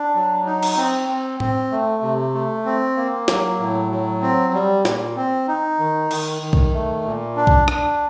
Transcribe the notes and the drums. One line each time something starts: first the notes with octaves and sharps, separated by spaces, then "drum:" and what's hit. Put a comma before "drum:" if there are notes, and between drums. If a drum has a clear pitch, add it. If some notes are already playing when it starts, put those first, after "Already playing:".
Already playing: D4
F#3
D#4
drum: cymbal
C4
C4
C4, drum: tom
A3
C3
A3
C4
A#3
F#3, drum: snare
A2
F#3
C4
G3
A#2, drum: snare
C4
D#4
D#3
D#3, drum: cymbal
D#3
drum: kick B1
A3
A#2
D4
drum: kick B1
D4, drum: rim click